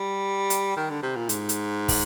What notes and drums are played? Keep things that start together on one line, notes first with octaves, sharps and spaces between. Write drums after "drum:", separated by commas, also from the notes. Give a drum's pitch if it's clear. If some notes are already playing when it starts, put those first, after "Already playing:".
Already playing: G3
drum: hi-hat
D#3
D3
C3
A#2
G#2, drum: hi-hat
drum: hi-hat
drum: kick, open hi-hat